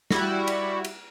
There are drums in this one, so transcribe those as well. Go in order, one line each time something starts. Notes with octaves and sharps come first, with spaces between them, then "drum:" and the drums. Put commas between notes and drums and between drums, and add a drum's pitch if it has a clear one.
G3 E4 F#4, drum: snare
drum: cymbal
drum: cymbal